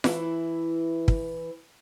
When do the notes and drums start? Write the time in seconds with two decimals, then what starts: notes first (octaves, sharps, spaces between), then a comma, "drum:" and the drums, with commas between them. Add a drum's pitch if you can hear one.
0.04 E3 E4, drum: snare F4
1.08 drum: kick